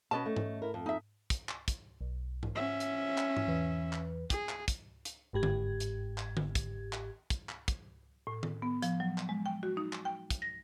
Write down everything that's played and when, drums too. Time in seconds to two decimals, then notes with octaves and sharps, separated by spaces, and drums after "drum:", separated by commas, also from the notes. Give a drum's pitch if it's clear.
0.11 B2 C#4 B4 D#5 A5
0.26 A3
0.36 drum: tom G#2
0.62 E4 A#4
0.74 F2
0.86 D#4 E5
1.30 drum: kick, hi-hat
1.49 drum: clap
1.68 drum: kick, hi-hat
2.01 B1
2.43 drum: tom G#2
2.55 C#4 C5 C#5 E5 F#5
2.80 drum: hi-hat
3.18 drum: clap
3.37 drum: tom G#2
3.47 E2 E3 B4
3.93 drum: clap
4.30 G#4, drum: kick, hi-hat
4.49 drum: clap
4.68 drum: kick, hi-hat
5.05 drum: hi-hat
5.33 G1 G#2 G4 G#6
5.43 drum: tom D3
5.80 drum: hi-hat
6.18 drum: clap
6.37 drum: tom D3
6.55 drum: kick, hi-hat
6.93 drum: clap
7.30 drum: kick, hi-hat
7.49 drum: clap
7.68 drum: kick, hi-hat
8.27 A2
8.43 drum: tom D#3
8.62 B3
8.82 F3, drum: hi-hat
9.00 F#3
9.18 drum: clap
9.29 G#3
9.46 G5
9.63 F#4
9.77 D#4
9.93 drum: clap
10.05 G5
10.30 drum: kick, hi-hat
10.42 A#6